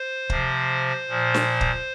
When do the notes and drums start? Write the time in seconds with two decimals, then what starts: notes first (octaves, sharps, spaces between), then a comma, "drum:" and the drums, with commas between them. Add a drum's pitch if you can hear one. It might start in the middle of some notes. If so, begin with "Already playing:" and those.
Already playing: C5
0.30 C3 F3, drum: kick
1.09 A#2 F3
1.34 drum: snare
1.61 drum: kick